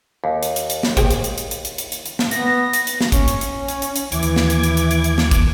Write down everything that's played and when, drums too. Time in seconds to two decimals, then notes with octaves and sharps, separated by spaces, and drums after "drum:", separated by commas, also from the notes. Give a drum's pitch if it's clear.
0.24 D#2
0.43 drum: hi-hat
0.56 drum: hi-hat
0.70 drum: hi-hat
0.83 drum: snare
0.97 C4 G#4 G5, drum: kick, hi-hat
1.10 drum: hi-hat
1.24 drum: hi-hat
1.38 drum: hi-hat
1.51 drum: hi-hat
1.65 drum: hi-hat
1.78 drum: hi-hat
1.92 drum: hi-hat
2.06 drum: hi-hat
2.19 drum: snare
2.31 B3 A#6, drum: hi-hat
2.73 drum: hi-hat
2.87 drum: hi-hat
3.01 drum: snare
3.12 C#4, drum: kick, hi-hat
3.28 drum: hi-hat
3.41 drum: hi-hat
3.68 drum: hi-hat
3.82 drum: hi-hat
3.96 drum: hi-hat
4.12 D#2 E3 D6 G#6, drum: hi-hat
4.23 drum: hi-hat
4.36 drum: snare
4.50 drum: hi-hat
4.64 drum: hi-hat
4.77 drum: hi-hat
4.91 drum: hi-hat
5.04 drum: hi-hat
5.18 drum: snare
5.31 drum: kick, hi-hat